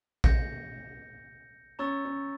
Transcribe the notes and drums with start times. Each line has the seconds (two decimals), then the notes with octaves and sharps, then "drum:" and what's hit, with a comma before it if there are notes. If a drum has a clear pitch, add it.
0.24 G6 A#6 C#7, drum: kick A#1
1.79 C#4 A#5 C#6 E6 A6
2.05 C#4